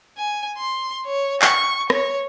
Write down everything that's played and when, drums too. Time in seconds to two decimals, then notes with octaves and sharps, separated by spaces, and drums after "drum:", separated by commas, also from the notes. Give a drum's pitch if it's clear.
0.17 G#5
0.57 C6
1.06 C#5
1.42 C#6, drum: clap
1.90 C#5, drum: rim click